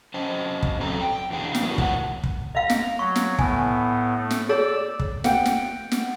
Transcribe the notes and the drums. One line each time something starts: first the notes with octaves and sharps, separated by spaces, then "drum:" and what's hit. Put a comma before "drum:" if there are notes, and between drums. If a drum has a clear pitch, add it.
C#4 C5 D#5 A5
drum: kick
F#3 C4 A4 D5 A#5
G5
E2 E3 D4 G#4
drum: snare
F3 F#3 B3 E4 F#4 A#4
A2 E3 G#3 C#5 F#5 A5, drum: kick
drum: kick
D#5 F5 A#5
drum: snare
F#3 C#6
drum: snare
A2 B3 G#5, drum: kick
A3
drum: snare
G#4 C#5 D5 E6
drum: kick
F#5 G5, drum: snare
drum: snare
drum: snare